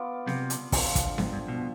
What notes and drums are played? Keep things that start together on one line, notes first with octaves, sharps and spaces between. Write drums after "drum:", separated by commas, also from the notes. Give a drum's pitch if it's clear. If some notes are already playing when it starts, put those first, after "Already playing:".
Already playing: B3 F4 B4 D5
C3, drum: snare B3
drum: hi-hat
D3 F3 C4, drum: kick, open hi-hat
drum: kick, hi-hat
G#2, drum: snare B3
G2
B2